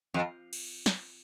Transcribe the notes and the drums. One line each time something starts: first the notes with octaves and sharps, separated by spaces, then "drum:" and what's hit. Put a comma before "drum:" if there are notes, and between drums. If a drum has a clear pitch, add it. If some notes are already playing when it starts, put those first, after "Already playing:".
F2
drum: cymbal
drum: snare